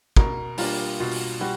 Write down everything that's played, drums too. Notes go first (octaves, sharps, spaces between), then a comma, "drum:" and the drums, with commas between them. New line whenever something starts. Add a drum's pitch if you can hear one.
B2 A#4, drum: kick
G3 A#3 D4 F4, drum: open hi-hat
B2 F4
drum: open hi-hat
G3 F#4